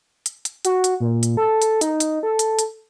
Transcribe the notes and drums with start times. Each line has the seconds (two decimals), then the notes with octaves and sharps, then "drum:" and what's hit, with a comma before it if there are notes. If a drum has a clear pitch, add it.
0.26 drum: hi-hat
0.45 drum: hi-hat
0.65 F#4, drum: hi-hat
0.84 drum: hi-hat
1.00 A#2
1.23 drum: hi-hat
1.37 A4
1.62 drum: hi-hat
1.81 D#4, drum: hi-hat
2.00 drum: hi-hat
2.23 A4
2.39 drum: hi-hat
2.59 drum: hi-hat